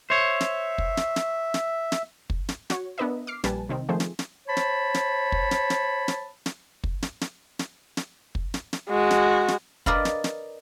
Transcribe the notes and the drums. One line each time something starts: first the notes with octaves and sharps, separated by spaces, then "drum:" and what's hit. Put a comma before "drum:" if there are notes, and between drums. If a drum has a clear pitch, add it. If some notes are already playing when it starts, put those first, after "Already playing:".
C5 C#5 E5
drum: snare
drum: kick
drum: snare
drum: snare
drum: snare
drum: snare
drum: kick
drum: snare
F#4 C#5, drum: snare
B3 D4 A#4 B4 D#5 E5
D6 F6 C7
A#1 G3 B4 G#5 A5, drum: snare
C3 D#3 C4
D#3 F3 A3 C4 G#4 C5
drum: snare
drum: snare
C5 C#5 A5 B5
drum: snare
drum: snare
drum: kick
drum: snare
drum: snare
drum: snare
drum: snare
drum: kick
drum: snare
drum: snare
drum: snare
drum: snare
drum: kick
drum: snare
drum: snare
G#3 F#4
drum: snare
drum: snare
A#4 B4 D5 D#5 F5 B5, drum: kick
drum: snare
drum: snare